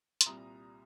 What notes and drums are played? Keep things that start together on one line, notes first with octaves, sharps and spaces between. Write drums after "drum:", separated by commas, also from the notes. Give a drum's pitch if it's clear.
C6, drum: hi-hat
C2 A#2 G3 A#5 D#6